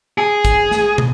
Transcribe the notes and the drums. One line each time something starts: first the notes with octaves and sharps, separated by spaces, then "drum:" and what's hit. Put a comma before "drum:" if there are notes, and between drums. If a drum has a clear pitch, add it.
G#4
drum: kick, hi-hat
drum: snare
drum: tom